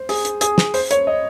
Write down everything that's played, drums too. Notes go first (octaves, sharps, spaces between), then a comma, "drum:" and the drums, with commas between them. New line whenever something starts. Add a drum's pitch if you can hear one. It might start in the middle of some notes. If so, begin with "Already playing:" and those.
Already playing: C5
G#4, drum: open hi-hat
drum: hi-hat
G#4, drum: hi-hat
drum: snare
C5, drum: open hi-hat
C#5, drum: hi-hat
D#5